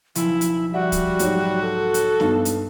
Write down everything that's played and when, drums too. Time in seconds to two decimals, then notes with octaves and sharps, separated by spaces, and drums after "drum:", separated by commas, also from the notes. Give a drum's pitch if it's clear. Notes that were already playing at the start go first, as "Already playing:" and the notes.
0.15 B1 C#3 F3 E4, drum: hi-hat
0.41 drum: hi-hat
0.73 G3 F#4 D5 E5 F#5 G5
0.92 drum: kick, hi-hat
1.19 G#2 F#3 G#3, drum: hi-hat
1.63 A4
1.94 drum: hi-hat
2.20 G2 B3 D#4, drum: snare
2.45 drum: hi-hat